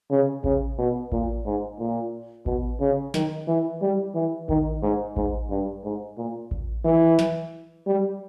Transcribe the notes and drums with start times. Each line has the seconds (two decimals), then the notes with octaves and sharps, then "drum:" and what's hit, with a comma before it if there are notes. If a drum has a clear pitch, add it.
0.11 C#3
0.44 C#3, drum: kick A1
0.78 B2
1.12 A#2, drum: kick A1
1.45 G#2
1.79 A#2
2.46 B2, drum: kick A1
2.80 C#3
3.14 D#3, drum: snare
3.48 E3
3.82 G3
4.15 E3
4.49 D#3, drum: kick A1
4.83 G#2
5.17 G#2, drum: kick A1
5.50 G2
5.84 G#2
6.18 A#2
6.51 drum: kick A1
6.85 E3
7.19 drum: snare
7.87 G3